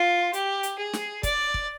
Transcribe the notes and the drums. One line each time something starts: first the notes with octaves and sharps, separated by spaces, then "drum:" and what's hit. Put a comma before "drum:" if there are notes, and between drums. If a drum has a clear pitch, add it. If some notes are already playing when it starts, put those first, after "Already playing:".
Already playing: F4
G4, drum: hi-hat
drum: hi-hat
G#4
drum: snare
D5, drum: kick, hi-hat
drum: kick